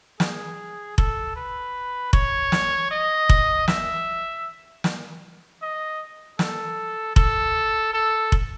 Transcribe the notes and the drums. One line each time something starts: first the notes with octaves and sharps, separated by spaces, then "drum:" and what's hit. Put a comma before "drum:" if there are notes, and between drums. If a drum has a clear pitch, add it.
G#4, drum: snare
A4, drum: kick F1
B4
C#5, drum: kick F1
drum: snare
D#5
drum: kick F1
E5, drum: snare
drum: snare
D#5
A4, drum: snare
A4, drum: kick F1
A4
drum: kick F1